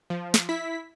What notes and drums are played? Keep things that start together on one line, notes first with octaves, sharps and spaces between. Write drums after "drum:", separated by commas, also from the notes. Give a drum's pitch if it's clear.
F3
drum: snare
E4 B6